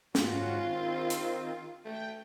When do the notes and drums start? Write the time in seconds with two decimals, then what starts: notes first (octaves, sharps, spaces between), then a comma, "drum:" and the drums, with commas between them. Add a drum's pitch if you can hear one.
0.15 G#2 C#4 F4 F#4, drum: snare
0.59 D#3 C4
1.10 drum: hi-hat
1.85 A3 G5